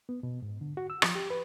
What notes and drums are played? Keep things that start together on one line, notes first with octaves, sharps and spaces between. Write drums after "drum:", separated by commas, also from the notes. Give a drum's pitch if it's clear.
B3
B2
G#2
D3
F#4
E6
F3, drum: rim click
G4
B4